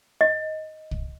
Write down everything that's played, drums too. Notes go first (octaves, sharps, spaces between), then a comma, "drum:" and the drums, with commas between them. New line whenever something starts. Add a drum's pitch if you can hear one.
D#5
drum: kick